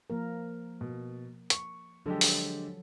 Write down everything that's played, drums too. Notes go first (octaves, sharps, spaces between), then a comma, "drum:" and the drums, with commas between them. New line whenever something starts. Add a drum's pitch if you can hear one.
F3 A#3 A#4
B2
C#6, drum: hi-hat
D3 F3 F#3 G#3 G4 A4
drum: open hi-hat